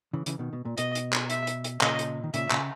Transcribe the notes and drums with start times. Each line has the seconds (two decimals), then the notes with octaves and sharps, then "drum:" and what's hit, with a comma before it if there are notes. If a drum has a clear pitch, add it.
0.13 C#3 E3
0.26 C#3 E3, drum: hi-hat
0.39 B2 D#3
0.53 B2
0.65 A#2
0.78 B2 D#5, drum: hi-hat
0.95 drum: hi-hat
1.13 drum: clap
1.30 E5, drum: hi-hat
1.47 drum: hi-hat
1.64 drum: hi-hat
1.81 A#2 C#3 D#5, drum: clap
1.99 drum: hi-hat
2.24 D#3
2.34 A#2 C#3 E5, drum: hi-hat
2.51 A#2 C#3, drum: clap